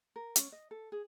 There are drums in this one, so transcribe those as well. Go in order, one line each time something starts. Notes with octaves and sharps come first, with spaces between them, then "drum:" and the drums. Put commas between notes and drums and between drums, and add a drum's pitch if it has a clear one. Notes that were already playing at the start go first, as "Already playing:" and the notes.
A#4
C#4, drum: hi-hat
D#5
A4
G#4